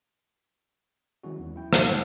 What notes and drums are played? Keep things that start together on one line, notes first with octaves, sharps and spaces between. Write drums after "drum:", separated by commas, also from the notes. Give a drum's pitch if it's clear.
D#3 F#3 G#3 C#4 E4 F#4
E2
E4 G5
F#4 F#5 G5, drum: rim click
G#1 D#3 G4 C5